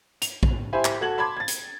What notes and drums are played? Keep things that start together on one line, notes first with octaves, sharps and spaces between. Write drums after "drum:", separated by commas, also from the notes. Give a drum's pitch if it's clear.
F7, drum: hi-hat
drum: kick A#1
E4 G4 C5 E5 G#5 B5
drum: clap
F#4 A4 G#6 F#7
A5 B5 C6 D6 G#6
G#6 A6
drum: hi-hat